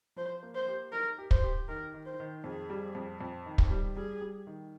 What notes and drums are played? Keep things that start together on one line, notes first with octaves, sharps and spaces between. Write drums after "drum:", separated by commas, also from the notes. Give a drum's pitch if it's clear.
F3 C5
A#3
C5
G4
D#4 A#4
G4
C5, drum: kick
G4
D#3 A#4
D#3
C5
D#3
F2 G#4
G3
F2
F2
D#3
drum: kick
G3
G3 G#4
G3
D#3